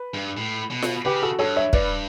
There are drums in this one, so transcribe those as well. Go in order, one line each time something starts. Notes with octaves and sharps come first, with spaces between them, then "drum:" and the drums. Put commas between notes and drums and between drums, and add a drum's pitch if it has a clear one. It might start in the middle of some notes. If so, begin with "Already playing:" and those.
Already playing: B4
G2
A2
B2
drum: snare F4
C#3 G4 B4
F#4 A4
G2 A4 C#5
C#5 E5
G2 B4 D5, drum: kick